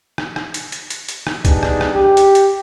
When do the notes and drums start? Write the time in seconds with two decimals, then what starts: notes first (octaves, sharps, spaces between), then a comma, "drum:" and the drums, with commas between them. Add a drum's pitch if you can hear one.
0.18 drum: rim click
0.36 drum: rim click
0.54 drum: hi-hat
0.72 drum: hi-hat
0.90 drum: hi-hat
1.09 drum: hi-hat
1.27 drum: rim click
1.45 G3 B3 D4 D#4 G#4, drum: kick, hi-hat
1.63 drum: rim click
1.81 drum: rim click
1.94 G4
2.17 drum: hi-hat
2.35 drum: hi-hat